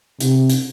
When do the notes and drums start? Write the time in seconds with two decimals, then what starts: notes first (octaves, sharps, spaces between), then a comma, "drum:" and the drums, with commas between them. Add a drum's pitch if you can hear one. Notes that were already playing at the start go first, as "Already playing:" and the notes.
0.20 C3, drum: hi-hat
0.49 drum: hi-hat